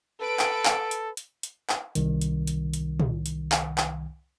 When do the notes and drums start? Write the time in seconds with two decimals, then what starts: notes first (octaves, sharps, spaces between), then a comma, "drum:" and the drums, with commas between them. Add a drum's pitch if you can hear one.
0.21 A4 B4 D7
0.39 drum: clap
0.65 drum: clap
0.91 drum: hi-hat
1.17 drum: hi-hat
1.43 drum: hi-hat
1.69 drum: clap
1.95 C2 D#3, drum: hi-hat
2.21 drum: hi-hat
2.47 drum: hi-hat
2.74 drum: hi-hat
3.00 drum: tom
3.26 drum: hi-hat
3.52 drum: clap
3.78 drum: clap